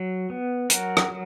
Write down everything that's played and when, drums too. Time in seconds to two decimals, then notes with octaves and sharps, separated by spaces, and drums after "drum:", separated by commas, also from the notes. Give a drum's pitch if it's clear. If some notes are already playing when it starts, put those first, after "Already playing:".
Already playing: F#3
0.30 B3
0.70 F#3 F#4 A#4, drum: hi-hat
0.97 drum: rim click
1.10 F#3